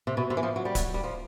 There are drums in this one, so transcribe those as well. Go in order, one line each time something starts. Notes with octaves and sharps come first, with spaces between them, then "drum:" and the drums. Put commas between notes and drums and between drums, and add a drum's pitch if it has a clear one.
C3
B2
C3
E3
F3
F#3
G3
F#3, drum: kick D1, hi-hat
G3
F3